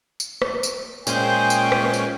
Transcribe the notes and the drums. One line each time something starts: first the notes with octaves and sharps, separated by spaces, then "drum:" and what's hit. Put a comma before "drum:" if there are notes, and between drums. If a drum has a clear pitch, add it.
drum: tambourine
drum: rim click
drum: tambourine
A#2 G#3 C#4 G#4 C5 G5, drum: tambourine
drum: tambourine
drum: rim click
drum: tambourine